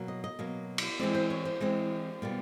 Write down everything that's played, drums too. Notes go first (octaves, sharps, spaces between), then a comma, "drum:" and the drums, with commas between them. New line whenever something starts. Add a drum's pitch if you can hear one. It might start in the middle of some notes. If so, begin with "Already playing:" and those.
Already playing: B2 F#3 A#3
D#5
D#5
B2 F#3 A#3
drum: cymbal
E3 G#3 C4 D5
C5
C#5
C5
E3 G#3 C4
B2 G3 A#3